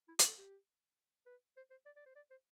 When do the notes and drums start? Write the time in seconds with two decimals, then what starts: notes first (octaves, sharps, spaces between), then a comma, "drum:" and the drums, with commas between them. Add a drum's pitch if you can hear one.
0.08 E4
0.19 F4, drum: hi-hat
0.28 A4
0.38 G4
1.26 B4
1.57 C5
1.71 C5
1.86 D5
1.96 D5
2.06 C5
2.16 D5
2.30 C5